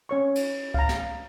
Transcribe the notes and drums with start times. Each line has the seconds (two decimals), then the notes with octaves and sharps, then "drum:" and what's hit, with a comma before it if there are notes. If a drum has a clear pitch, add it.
0.09 C#4 C#5 C#6
0.35 drum: cymbal
0.74 F5 A#5, drum: kick C#2
0.89 drum: snare